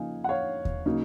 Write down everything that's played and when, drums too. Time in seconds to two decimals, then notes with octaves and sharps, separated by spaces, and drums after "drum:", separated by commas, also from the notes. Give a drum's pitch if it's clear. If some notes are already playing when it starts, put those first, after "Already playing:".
Already playing: C#3 F3 A#3 D#4 F5 G#5
0.24 F#5
0.29 C#5 F5
0.65 drum: kick D#2
0.86 C#3 F#3 A#3 D#4